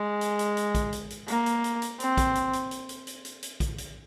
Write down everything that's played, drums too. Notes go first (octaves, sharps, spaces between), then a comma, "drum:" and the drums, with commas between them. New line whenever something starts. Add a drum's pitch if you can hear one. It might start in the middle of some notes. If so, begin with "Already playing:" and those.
Already playing: G#3
drum: hi-hat
drum: hi-hat
drum: hi-hat
drum: kick A#1, hi-hat
drum: hi-hat
drum: hi-hat
A#3, drum: hi-hat
drum: hi-hat
drum: hi-hat
drum: hi-hat
C4, drum: hi-hat
drum: kick A#1, hi-hat
drum: hi-hat
drum: hi-hat
drum: hi-hat
drum: hi-hat
drum: hi-hat
drum: hi-hat
drum: hi-hat
drum: kick A#1, hi-hat
drum: hi-hat